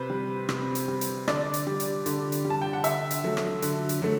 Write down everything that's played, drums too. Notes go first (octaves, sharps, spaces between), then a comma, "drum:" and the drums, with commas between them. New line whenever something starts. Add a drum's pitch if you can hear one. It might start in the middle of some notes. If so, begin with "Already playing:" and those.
Already playing: C3 B4 C5
G3
C3, drum: rim click
drum: hi-hat
G3
drum: hi-hat
D3 D5, drum: rim click
drum: hi-hat
G3
drum: hi-hat
D3, drum: hi-hat
drum: hi-hat
G3
A5
G5
F#5
D3 E5, drum: hi-hat
drum: hi-hat
F#3 A3
drum: rim click
D3, drum: hi-hat
drum: hi-hat
F#3 A3